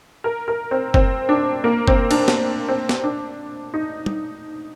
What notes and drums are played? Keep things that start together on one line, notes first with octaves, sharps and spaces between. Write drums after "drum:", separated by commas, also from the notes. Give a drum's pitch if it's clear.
A#4
A#4
C4
C4, drum: kick F#1
D4
A#3
C4, drum: kick F#1
D4, drum: cymbal
drum: snare
C4
drum: snare
D4
D#4
drum: tom